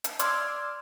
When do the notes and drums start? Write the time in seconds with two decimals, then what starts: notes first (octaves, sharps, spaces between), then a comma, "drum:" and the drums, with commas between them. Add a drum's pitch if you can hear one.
0.04 drum: hi-hat
0.19 D5 C6 D6 E6 F6 G#6, drum: hi-hat